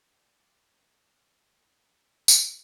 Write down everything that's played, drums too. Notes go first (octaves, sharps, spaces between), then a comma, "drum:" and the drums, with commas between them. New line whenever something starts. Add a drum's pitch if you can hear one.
D5 D#5 G5
drum: tambourine